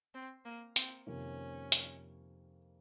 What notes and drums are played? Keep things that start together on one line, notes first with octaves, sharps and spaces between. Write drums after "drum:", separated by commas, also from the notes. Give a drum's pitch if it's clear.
C4
A#3
C4, drum: hi-hat
F2 C3 D#3 A#3 C#4
drum: hi-hat